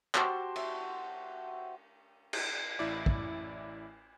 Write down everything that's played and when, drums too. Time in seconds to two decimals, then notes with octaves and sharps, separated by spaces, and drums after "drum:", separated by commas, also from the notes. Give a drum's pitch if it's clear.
0.15 F#4 G4 C5 A5, drum: clap
0.56 E5, drum: cymbal
2.33 drum: cymbal
2.79 A1 E4 D5
3.06 drum: kick